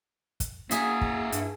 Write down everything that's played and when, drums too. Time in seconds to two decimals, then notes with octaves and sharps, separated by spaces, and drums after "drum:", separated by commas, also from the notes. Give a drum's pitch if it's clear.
0.40 drum: kick, hi-hat
0.71 A#3 E4 F#4 G#4 E5, drum: hi-hat
1.01 drum: kick
1.32 G2, drum: hi-hat